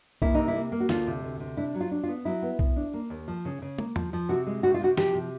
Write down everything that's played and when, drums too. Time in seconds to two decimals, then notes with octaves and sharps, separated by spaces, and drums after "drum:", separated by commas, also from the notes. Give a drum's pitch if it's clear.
0.22 A#3 E4, drum: kick B1
0.35 C3 D#4
0.48 E4
0.56 A#3
0.72 A#3
0.80 F#4
0.89 D2 F4, drum: snare
1.07 C3
1.24 D2
1.40 C3
1.57 D4 E4
1.75 F#3
1.81 F4
1.91 D4
2.04 F4
2.08 B3
2.25 F#3 E4
2.42 B3
2.59 B3, drum: kick B1
2.76 D4
2.94 A#3
3.10 D#2
3.28 F3
3.45 C#3
3.62 C#3
3.79 A#3, drum: tom
3.96 F3, drum: tom E2
4.13 F3
4.29 C3 F#4
4.47 G#3
4.63 C3 F#4
4.74 F4
4.80 C3 F#4
4.97 F3 G4, drum: snare
5.15 C3